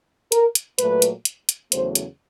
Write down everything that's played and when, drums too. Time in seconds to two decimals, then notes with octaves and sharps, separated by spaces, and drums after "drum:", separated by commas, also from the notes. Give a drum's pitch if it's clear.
0.32 A#4, drum: hi-hat
0.55 drum: hi-hat
0.79 A#2 F#3 A3 B4, drum: hi-hat
1.02 drum: hi-hat
1.25 drum: hi-hat
1.49 drum: hi-hat
1.72 E2 C#3 F#3 A3 C5, drum: hi-hat
1.95 drum: hi-hat